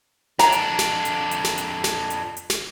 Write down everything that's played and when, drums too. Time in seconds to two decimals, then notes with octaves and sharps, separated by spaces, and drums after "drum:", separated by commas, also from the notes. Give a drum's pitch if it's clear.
0.39 F2 D4 A#5, drum: snare
0.52 drum: hi-hat
0.79 drum: snare
1.05 drum: hi-hat
1.31 drum: hi-hat
1.44 drum: snare
1.58 drum: hi-hat
1.84 drum: snare
2.10 drum: hi-hat
2.37 drum: hi-hat
2.50 drum: snare